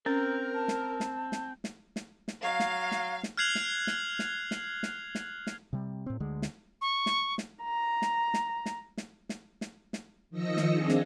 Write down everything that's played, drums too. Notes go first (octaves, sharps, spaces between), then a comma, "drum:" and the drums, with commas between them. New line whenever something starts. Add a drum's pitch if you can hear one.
C4 C#4 A#4
A5
drum: snare
drum: snare
drum: snare
drum: snare
drum: snare
drum: snare
F#3 F5
drum: snare
drum: snare
drum: snare
F6 F#6 G#6 C7 F7 F#7
drum: snare
drum: snare
drum: snare
drum: snare
drum: snare
drum: snare
drum: snare
C3 G3
A2 C4
D2 D3 G#3
drum: snare
C#6
drum: snare
drum: snare
A#5
drum: snare
drum: snare
drum: snare
drum: snare
drum: snare
drum: snare
drum: snare
D#3 F3 D#5 E6 A#6 C#7
drum: snare
C4 D4 F4 G#4
drum: snare